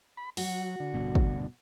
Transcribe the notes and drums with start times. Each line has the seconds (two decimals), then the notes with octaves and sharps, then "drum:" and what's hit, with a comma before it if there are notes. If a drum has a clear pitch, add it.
0.17 B5
0.37 F#3 F#4, drum: open hi-hat
0.80 D3
0.94 D1 G2 B2
1.15 drum: kick